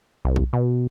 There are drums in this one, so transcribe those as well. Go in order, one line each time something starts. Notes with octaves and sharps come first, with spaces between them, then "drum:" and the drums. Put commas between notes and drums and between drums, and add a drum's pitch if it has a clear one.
C2
drum: kick
B2